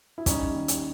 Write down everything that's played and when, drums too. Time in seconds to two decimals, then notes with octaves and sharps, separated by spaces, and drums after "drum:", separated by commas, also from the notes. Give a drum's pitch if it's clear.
0.18 E4
0.26 G3 C#4 D#4, drum: kick, hi-hat
0.55 D#2
0.68 drum: hi-hat